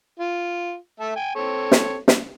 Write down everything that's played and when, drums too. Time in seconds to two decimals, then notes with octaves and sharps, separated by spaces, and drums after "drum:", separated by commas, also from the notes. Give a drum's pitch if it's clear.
0.20 F4
1.00 A3 E5 A5
1.16 G5 G#5
1.35 C4 A4 C#5
1.72 drum: snare
2.08 drum: snare